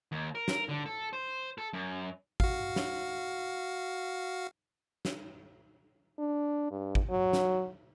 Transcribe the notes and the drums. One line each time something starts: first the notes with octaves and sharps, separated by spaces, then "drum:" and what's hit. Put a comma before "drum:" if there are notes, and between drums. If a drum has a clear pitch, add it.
D#2
A#4
drum: snare
D3
A4
C5
A4
F#2
F#4 F5, drum: kick G#1
drum: snare
drum: snare
D4
G2
drum: kick G#1
F#3
drum: snare